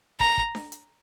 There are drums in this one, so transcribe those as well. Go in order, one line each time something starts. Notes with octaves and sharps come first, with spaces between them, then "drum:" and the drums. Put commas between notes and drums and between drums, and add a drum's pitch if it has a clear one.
A#5, drum: kick
drum: kick
drum: snare D4
drum: hi-hat